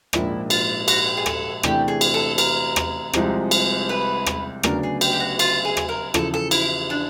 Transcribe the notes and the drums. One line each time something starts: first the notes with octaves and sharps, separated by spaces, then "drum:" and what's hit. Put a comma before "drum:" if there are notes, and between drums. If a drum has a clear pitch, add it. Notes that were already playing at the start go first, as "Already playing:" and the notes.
A#1 G#2 F3 A#3 D4 E4, drum: rim click
F4, drum: cymbal
F#4, drum: cymbal
G4
G#4
A4, drum: rim click
E2 C3 E3 A3 D4 G4, drum: rim click
G#4
drum: cymbal
A4
A#4, drum: cymbal
drum: rim click
C2 C3 F3 G#3 C4, drum: rim click
drum: cymbal
B4
drum: rim click
D2 C#3 F#3 B3 D4 A#4, drum: rim click
G#4
G4, drum: cymbal
G4
F#4
F4, drum: cymbal
G#4
drum: rim click
A#4
E2 C#3 F3 A4, drum: rim click
A4
E4, drum: cymbal
D4